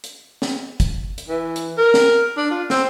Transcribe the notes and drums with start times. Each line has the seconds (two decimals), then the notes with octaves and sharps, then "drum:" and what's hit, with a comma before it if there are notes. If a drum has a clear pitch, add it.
0.04 drum: hi-hat
0.42 drum: snare
0.80 drum: kick, hi-hat
1.18 drum: hi-hat
1.28 E3
1.56 drum: hi-hat
1.77 A#4
1.94 drum: snare
2.37 D4
2.50 F4
2.70 C4, drum: snare